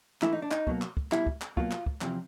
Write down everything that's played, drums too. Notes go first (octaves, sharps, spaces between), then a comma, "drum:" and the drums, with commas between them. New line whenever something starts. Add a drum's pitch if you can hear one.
G#2 E3 A3 E4, drum: clap
D#4
D4
D#4, drum: clap
B2 F#3 A#3, drum: kick
drum: clap
drum: kick
C2 B2 G3 E4, drum: clap
drum: kick
drum: clap
B2 F#3 A#3 F4, drum: kick
drum: clap
drum: kick
E2 C3 F3, drum: clap